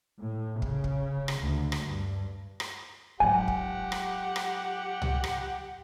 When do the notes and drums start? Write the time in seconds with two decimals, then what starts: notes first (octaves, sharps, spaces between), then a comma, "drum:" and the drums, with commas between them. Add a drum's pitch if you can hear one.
0.20 A2
0.62 C#3, drum: kick
0.84 drum: kick
1.28 drum: rim click
1.42 D2
1.72 drum: rim click
1.84 G2
2.60 drum: rim click
3.20 G#2 F#3 G4 F#5 G#5
3.48 drum: kick
3.92 drum: rim click
4.36 drum: rim click
5.02 drum: tom
5.24 drum: rim click